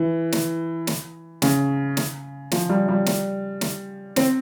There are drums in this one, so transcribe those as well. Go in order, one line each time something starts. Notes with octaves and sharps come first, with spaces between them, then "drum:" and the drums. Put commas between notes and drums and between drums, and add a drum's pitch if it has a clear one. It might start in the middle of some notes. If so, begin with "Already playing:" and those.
Already playing: E3
drum: snare
drum: snare
C#3, drum: snare
drum: snare
F3, drum: snare
G3
G3
drum: snare
drum: snare
C4, drum: snare